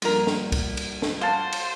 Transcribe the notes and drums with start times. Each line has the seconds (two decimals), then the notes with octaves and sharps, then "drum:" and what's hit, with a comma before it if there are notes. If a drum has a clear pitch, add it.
0.02 G2 D3 F3 A#3 A#4, drum: cymbal
0.27 drum: snare
0.52 drum: kick, cymbal
0.77 drum: cymbal
1.02 drum: snare
1.21 F#3 C5 F5 A5
1.52 drum: cymbal